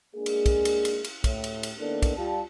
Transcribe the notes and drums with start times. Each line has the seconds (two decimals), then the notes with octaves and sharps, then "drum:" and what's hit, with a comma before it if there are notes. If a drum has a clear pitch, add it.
0.15 G#3 A#3 D4 G#4
0.26 drum: cymbal
0.46 drum: kick, cymbal
0.65 drum: cymbal
0.85 drum: cymbal
1.04 drum: cymbal
1.24 A2, drum: kick, cymbal
1.44 drum: cymbal
1.63 drum: cymbal
1.79 D#3 A#3 B3 D4 E4 A4
2.02 drum: kick, cymbal
2.17 G3 F4 A5